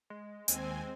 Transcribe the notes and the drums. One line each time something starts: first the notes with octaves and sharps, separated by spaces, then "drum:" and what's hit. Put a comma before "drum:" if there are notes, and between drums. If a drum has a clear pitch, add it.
G#3
D#2 C4 G#5, drum: hi-hat